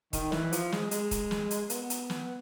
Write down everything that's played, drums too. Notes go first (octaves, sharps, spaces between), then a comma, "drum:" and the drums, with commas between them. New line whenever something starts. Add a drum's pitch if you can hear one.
D#3, drum: kick D#1, hi-hat
E3, drum: snare
F3, drum: hi-hat
G#3, drum: snare
G#3, drum: hi-hat
drum: kick D#1, hi-hat
drum: snare
drum: hi-hat
B3, drum: hi-hat
drum: hi-hat
drum: snare